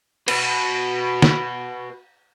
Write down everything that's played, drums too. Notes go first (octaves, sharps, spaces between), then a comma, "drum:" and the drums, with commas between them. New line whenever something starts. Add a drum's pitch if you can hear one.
F#4 B4, drum: cymbal
drum: snare